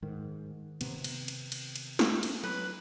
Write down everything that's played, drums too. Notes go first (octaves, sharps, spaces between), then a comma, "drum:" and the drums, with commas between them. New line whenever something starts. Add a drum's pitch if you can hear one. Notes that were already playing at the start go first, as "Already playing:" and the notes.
G#2 D#3
C3 B3, drum: cymbal
drum: cymbal
drum: cymbal
drum: cymbal
drum: cymbal
drum: snare
drum: cymbal
F#3 B4